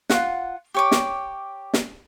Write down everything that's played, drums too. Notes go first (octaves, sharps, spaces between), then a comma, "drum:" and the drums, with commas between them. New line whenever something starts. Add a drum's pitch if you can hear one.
F4 F#4 F#5, drum: snare
G4 C#5 D6
drum: snare
drum: snare